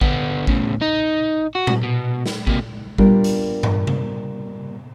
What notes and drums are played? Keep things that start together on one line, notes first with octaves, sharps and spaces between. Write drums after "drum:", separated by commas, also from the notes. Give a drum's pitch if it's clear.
D3 B3, drum: kick A1
A2 C#3, drum: kick A1
D#4
F#4
drum: tom A#2
B2
drum: snare
C3 A#3, drum: kick A1
G3 A#3 B3 D4 F4 A#4, drum: kick A1
drum: hi-hat
drum: tom G2
drum: tom C3